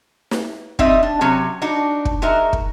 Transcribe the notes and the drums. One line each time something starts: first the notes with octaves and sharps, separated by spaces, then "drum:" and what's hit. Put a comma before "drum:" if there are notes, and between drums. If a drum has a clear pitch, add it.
drum: snare
G3 C4 D#4 D#5 E5, drum: kick
D4
C3 F#3 C#4 C#5
D4 D#4 F#4
drum: kick
G#3 D#4 F#4 A#4 E5
drum: kick